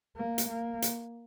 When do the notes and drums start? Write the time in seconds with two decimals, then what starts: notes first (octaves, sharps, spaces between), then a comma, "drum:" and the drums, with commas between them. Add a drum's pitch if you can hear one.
0.16 A#3
0.38 drum: hi-hat
0.48 A#3
0.82 drum: hi-hat